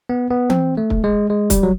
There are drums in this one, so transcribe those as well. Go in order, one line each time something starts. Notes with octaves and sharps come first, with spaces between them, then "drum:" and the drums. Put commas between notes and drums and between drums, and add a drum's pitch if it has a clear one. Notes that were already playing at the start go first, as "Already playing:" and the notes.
B3
B3
C4, drum: tom E3
A3
drum: kick
G#3
G#3
G3, drum: kick, hi-hat
F#3